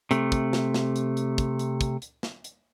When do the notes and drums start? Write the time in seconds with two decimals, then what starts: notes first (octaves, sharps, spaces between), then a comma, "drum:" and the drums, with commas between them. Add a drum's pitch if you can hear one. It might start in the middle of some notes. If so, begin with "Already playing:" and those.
0.11 C3 A3, drum: hi-hat
0.32 drum: kick, hi-hat
0.53 drum: snare
0.74 drum: snare
0.96 drum: hi-hat
1.17 drum: hi-hat
1.38 drum: kick, hi-hat
1.59 drum: hi-hat
1.81 drum: kick, hi-hat
2.02 drum: hi-hat
2.23 drum: snare
2.44 drum: hi-hat